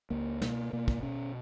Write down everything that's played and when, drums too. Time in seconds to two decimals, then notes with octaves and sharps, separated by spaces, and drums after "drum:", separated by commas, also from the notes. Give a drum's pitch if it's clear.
0.10 C#2 A#3
0.42 B2 A#3, drum: snare
0.73 B2 A#3
0.88 drum: kick
1.03 B2 C#4